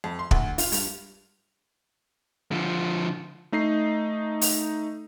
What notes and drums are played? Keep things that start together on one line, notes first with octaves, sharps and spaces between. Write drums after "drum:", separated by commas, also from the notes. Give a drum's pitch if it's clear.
F2
C6
D2, drum: kick
F4, drum: open hi-hat
G2, drum: open hi-hat
D3 F3
A3 D#4 D#5 C7
drum: open hi-hat